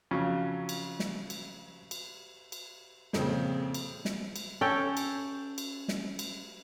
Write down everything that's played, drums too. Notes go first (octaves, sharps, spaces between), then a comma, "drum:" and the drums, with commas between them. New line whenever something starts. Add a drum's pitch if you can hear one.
F2 C#3 F#3
drum: cymbal
drum: snare
drum: cymbal
drum: cymbal
drum: cymbal
F2 A#2 C#3 C4, drum: snare
drum: cymbal
drum: snare
drum: cymbal
C#4 A4 G5
drum: cymbal
drum: cymbal
drum: snare
drum: cymbal